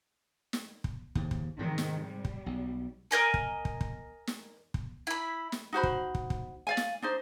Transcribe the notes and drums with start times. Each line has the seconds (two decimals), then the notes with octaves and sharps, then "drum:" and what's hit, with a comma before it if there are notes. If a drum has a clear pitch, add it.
0.53 drum: snare
0.84 drum: kick
1.15 D#2 G#2, drum: kick
1.31 drum: kick
1.59 G#2 C3 D#3
1.78 drum: snare
2.03 G3
2.25 drum: kick
2.46 B1
3.11 A#4 C#5 D#5 G#5
3.34 drum: kick
3.65 drum: kick
3.81 drum: kick
4.27 drum: snare
4.74 drum: kick
5.07 E4 B5
5.52 drum: snare
5.73 D#4 F#4 C5 B5
5.83 drum: kick
6.15 drum: kick
6.30 drum: kick
6.67 D5 F5 G#5
6.77 drum: snare
7.02 D4 D#4 C5